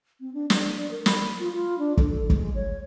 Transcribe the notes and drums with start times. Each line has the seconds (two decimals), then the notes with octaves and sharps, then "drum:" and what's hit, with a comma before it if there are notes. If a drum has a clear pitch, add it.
0.21 C4
0.34 D4
0.50 D4, drum: snare
0.78 D5
0.91 A#4
1.06 B5, drum: snare
1.40 F4
1.53 F4
1.79 D4
1.97 A4, drum: kick
2.30 G#3, drum: kick
2.55 C#5